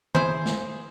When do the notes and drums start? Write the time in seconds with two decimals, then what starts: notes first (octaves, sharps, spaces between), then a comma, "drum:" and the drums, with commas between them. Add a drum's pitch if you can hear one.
0.15 E4 G#4 C5, drum: tom D#3
0.46 drum: snare